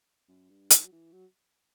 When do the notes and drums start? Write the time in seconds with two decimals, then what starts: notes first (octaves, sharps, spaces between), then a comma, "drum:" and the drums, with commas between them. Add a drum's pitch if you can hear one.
0.28 F#2
0.50 G2
0.71 D#3, drum: hi-hat
0.85 F#3
0.92 E3
1.12 F#3